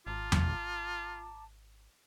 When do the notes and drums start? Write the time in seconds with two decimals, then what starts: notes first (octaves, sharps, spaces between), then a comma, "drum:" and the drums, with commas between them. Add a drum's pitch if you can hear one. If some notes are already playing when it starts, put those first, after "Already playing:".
0.07 G#1 F4 A5 A#5 D6
0.32 drum: tom E2